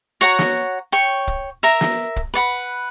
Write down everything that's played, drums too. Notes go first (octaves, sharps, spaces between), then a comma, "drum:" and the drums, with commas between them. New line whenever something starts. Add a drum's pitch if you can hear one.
F#4 C#5 F#5 A#5
drum: snare
C#5 G5 C#6
drum: kick
A#4 E5 A#5
drum: snare
drum: kick
B4 D5 F#5 B5